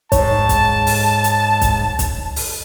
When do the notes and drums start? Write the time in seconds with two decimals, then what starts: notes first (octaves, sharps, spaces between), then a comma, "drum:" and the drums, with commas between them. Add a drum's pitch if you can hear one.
0.12 G#2 C#5 A5, drum: kick, hi-hat
0.49 drum: kick, hi-hat
0.87 drum: open hi-hat
1.24 drum: hi-hat
1.61 drum: kick, hi-hat
1.99 drum: kick, hi-hat
2.36 drum: open hi-hat